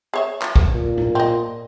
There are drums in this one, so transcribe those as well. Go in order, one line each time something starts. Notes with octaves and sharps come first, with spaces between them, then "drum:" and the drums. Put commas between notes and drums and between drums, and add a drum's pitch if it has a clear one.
G#4 C#5 E5
drum: clap
drum: kick
A#2
drum: tom G#2
C4 D#5